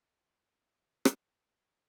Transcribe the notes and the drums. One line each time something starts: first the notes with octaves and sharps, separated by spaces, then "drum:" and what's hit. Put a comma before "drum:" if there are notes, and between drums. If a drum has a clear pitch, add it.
drum: rim click
D4 G5 A5 E6